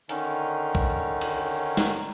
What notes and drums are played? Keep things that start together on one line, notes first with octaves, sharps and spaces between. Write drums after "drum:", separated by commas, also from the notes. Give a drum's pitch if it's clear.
D3 D#3 C#4 D#4, drum: hi-hat
drum: kick B1
drum: cymbal
drum: snare